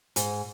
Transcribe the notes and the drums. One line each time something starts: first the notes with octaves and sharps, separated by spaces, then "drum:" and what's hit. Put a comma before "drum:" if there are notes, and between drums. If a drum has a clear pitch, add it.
G#2, drum: hi-hat